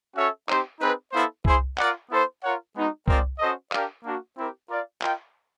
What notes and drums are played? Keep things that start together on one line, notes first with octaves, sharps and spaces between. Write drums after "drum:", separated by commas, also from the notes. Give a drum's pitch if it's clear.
C#4 F#4 A4 C#5 E5
C4 D#4 G4 C5, drum: clap
C4 D#4 G#4 B4
B3 E4 A4 C5 F5
E4 G#4 C5, drum: kick C2
F4 A#4 D5 F#5, drum: clap
B3 E4 A4 C5
F4 A#4 C#5 F#5
G#3 B3 D#4 F#4
G#3 C4 F4 A#4 D5, drum: kick C2
C#4 F#4 A4 C5 D#5
D4 G4 A#4 D5 F5, drum: clap
A#3 D4 F#4
C4 E4 G4 A#4
F4 A#4 D5 F5
F4 A#4 D#5 G5, drum: clap